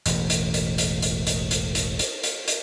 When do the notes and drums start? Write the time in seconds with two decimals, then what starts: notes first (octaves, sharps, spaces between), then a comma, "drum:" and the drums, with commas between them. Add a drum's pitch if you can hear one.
0.06 E1 A1, drum: hi-hat
0.30 drum: hi-hat
0.54 drum: hi-hat
0.78 drum: hi-hat
1.02 drum: hi-hat
1.27 drum: hi-hat
1.51 drum: hi-hat
1.75 drum: hi-hat
1.99 drum: hi-hat
2.23 drum: hi-hat
2.48 drum: hi-hat